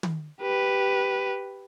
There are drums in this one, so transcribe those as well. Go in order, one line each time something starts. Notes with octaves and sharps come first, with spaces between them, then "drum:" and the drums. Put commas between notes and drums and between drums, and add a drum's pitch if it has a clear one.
drum: tom
G4 B4